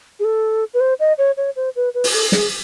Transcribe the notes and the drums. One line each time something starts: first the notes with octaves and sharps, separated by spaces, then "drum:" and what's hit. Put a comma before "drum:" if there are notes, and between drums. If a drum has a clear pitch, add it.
G#4
A4
B4
C5
D#5
C#5
C#5
C5
B4
B4
drum: open hi-hat
A4
G#4, drum: snare